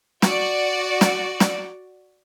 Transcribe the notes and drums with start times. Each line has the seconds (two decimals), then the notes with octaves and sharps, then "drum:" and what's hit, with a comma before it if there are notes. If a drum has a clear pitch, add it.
0.22 F#4 D5, drum: snare
1.01 drum: snare
1.40 drum: snare